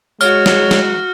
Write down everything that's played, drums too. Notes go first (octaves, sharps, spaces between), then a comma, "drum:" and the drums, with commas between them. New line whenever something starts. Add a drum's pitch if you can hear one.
G#3 F#4 C#5 F6, drum: tambourine
drum: snare
drum: snare